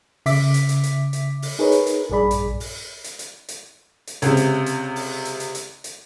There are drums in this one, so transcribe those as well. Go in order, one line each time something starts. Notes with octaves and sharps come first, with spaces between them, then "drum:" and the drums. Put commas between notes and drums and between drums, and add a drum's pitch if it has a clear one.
C#3 E5 D6 B6, drum: open hi-hat
drum: hi-hat
drum: hi-hat
drum: hi-hat
drum: hi-hat
drum: open hi-hat
D#4 G#4 A#4 B4 C#5
drum: hi-hat
drum: hi-hat
A#1 G2 G#4 D5 B5
drum: hi-hat
drum: open hi-hat
drum: hi-hat
drum: hi-hat
drum: hi-hat
drum: hi-hat
C#2 C3, drum: hi-hat
drum: hi-hat
drum: hi-hat
drum: open hi-hat
drum: hi-hat
drum: hi-hat
drum: hi-hat
drum: hi-hat